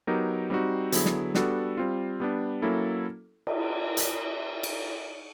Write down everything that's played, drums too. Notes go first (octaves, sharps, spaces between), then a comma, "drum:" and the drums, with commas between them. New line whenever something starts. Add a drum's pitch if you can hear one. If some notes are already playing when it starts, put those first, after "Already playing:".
F#3 B3 D#4 G4 A#4
G3 C4 D#4 F#4
D3 F#3 B3 E4 G#4, drum: hi-hat
drum: snare
G3 B3 D4 F#4 A4, drum: snare
G3 C4 F4
G3 B3 D4
F#3 A#3 C#4 E4 A4
drum: cymbal
drum: hi-hat
drum: cymbal